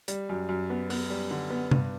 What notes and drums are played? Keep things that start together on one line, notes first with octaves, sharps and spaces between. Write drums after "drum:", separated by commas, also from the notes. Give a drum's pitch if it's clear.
G3, drum: hi-hat
F#2
F#2
B3
B3, drum: open hi-hat
G3
D3
B3
G2, drum: tom C3